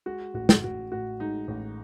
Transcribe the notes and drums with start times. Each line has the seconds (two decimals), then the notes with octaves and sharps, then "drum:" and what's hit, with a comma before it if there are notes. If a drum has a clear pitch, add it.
0.06 G#3 F#4
0.34 A1 F#4
0.49 drum: snare
0.64 A1 F#4
0.92 A2 F#4
1.20 G#3 D#4
1.48 A1